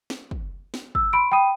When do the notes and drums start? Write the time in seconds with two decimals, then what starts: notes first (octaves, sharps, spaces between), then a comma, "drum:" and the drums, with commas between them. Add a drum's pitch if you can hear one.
0.10 drum: snare
0.31 drum: kick
0.74 drum: snare
0.95 E6, drum: kick
1.13 B5 C6 D7
1.32 G5 B5 D#6 D#7